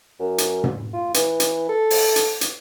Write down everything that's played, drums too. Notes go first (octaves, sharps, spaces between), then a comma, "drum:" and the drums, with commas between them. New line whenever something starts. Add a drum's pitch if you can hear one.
F#2
drum: hi-hat
drum: tom
F4
E3, drum: hi-hat
drum: hi-hat
A4
drum: open hi-hat
drum: hi-hat
drum: hi-hat